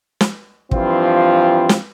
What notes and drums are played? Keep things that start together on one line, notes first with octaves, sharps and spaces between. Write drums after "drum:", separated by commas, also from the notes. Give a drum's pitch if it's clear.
drum: snare
G2 E3 F3 C4 F4, drum: kick
drum: snare